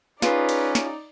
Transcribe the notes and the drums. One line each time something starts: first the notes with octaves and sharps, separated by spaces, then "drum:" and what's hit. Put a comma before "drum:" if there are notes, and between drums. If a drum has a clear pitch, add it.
C#4 D#4 F4 G#4 B4 D5, drum: snare
drum: cymbal
drum: snare